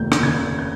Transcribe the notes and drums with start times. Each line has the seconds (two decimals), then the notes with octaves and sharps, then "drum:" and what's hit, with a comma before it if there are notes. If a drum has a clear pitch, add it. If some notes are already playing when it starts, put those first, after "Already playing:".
Already playing: F1 D#2 G6
0.12 G6, drum: rim click
0.23 C#3 G#6
0.58 G6